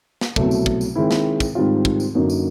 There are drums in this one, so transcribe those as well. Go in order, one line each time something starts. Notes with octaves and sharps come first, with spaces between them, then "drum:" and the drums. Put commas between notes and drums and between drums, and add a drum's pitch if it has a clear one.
drum: snare
C2 B2 F#3 A3, drum: kick
drum: tambourine
drum: kick
drum: tambourine
D#3 G#3 C4 E4
drum: snare
drum: kick, tambourine
G#2 D#3 G3 C4 F4
drum: kick
drum: tambourine
F#2 D3 F#3 A#3 D#4
drum: tambourine